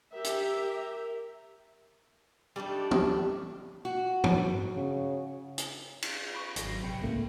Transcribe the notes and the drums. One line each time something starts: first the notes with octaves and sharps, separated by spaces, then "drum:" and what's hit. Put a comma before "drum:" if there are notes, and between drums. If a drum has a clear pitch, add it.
G4 A#4 E5
drum: hi-hat
G3 A3 D4 D#4
drum: tom
F#4
drum: tom
C#3
drum: hi-hat
drum: cymbal
B5 C#6
G#1 F#3 A#6 C7, drum: hi-hat
A#1 C3 G5 B5 C#7
C#2 A2 C#3 A3 A#3